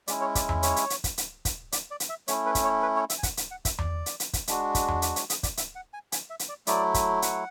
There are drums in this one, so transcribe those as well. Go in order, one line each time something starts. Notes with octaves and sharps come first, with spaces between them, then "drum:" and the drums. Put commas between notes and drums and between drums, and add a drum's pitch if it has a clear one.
G#3 C#4 E4 D5, drum: hi-hat
C#5
D5, drum: kick, hi-hat
E5, drum: tom E2
C#5, drum: hi-hat
drum: hi-hat
drum: hi-hat
drum: kick, hi-hat
drum: hi-hat
drum: kick, hi-hat
D5, drum: hi-hat
D5
drum: hi-hat
E5
A3 C#4 E4 C#5, drum: hi-hat
B4
drum: kick, hi-hat
C#5
B4
C#5
E5, drum: hi-hat
G#5
F#5, drum: kick, hi-hat
drum: hi-hat
F#5
E5, drum: kick, hi-hat
D5, drum: tom E2
drum: hi-hat
drum: hi-hat
drum: kick, hi-hat
G#3 D4 F#4, drum: hi-hat
drum: kick, hi-hat
drum: tom E2
D5, drum: hi-hat
C#5, drum: hi-hat
G#4, drum: hi-hat
D5, drum: kick, hi-hat
E5, drum: hi-hat
F#5
G#5
G#5, drum: hi-hat
E5
drum: hi-hat
D5
F#3 A3 E4 D5, drum: hi-hat
drum: kick, hi-hat
F#5, drum: hi-hat